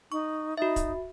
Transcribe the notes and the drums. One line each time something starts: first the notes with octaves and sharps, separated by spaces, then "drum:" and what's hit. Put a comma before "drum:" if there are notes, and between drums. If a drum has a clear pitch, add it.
D#4 C#6
D#4 F#4 E5
drum: kick, hi-hat